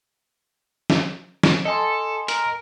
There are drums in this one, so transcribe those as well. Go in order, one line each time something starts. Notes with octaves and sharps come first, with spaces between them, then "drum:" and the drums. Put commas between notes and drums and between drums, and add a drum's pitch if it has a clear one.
drum: snare
drum: snare
A4 D#5 G#5 C6
A#4, drum: hi-hat